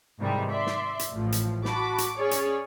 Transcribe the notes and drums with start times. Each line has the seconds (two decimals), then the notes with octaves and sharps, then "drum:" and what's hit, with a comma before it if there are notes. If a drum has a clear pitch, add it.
0.19 G#2 C3 D#3 E3 G3 G#3
0.50 D5 E5 C6
0.66 drum: snare
0.99 drum: hi-hat
1.12 A1 A2 F3
1.32 drum: hi-hat
1.65 F#4 A5 B5 D6, drum: snare
1.98 drum: hi-hat
2.16 C#4 G#4 C#5 D5
2.31 drum: hi-hat